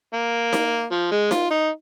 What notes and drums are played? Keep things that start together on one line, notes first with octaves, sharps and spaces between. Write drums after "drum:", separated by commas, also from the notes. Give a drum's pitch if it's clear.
A#3
drum: snare D#4
F3
G#3
F4, drum: snare D#4
D#4